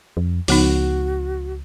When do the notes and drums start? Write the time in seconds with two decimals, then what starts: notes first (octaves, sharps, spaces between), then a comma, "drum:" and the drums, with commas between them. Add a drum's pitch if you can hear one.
0.17 F2
0.48 C#2 F3 B3 D#4 F#4, drum: open hi-hat